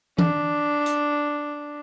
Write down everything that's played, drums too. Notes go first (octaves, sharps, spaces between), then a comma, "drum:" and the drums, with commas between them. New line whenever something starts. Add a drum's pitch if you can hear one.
D4, drum: tom E3
drum: hi-hat